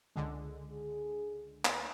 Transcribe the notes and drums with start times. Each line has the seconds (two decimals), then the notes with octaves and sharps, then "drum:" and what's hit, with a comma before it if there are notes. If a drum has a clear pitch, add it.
0.16 C#2 D3 G#3
0.69 G#4
1.65 drum: clap